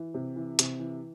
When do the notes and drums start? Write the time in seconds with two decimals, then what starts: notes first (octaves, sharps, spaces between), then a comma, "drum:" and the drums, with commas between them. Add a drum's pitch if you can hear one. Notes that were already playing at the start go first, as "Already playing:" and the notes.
Already playing: E3
0.14 C3
0.36 E3
0.59 C3, drum: hi-hat
0.79 E3